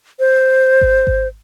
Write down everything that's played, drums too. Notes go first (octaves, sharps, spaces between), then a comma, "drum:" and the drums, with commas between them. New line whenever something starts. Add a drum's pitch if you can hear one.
C5
drum: kick G#1
drum: kick G#1